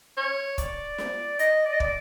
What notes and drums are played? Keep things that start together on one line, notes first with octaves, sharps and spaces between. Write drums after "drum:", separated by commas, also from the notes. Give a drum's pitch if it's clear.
C#5
D5, drum: kick, hi-hat
drum: snare
D#5, drum: hi-hat
D5
D#5
D5, drum: kick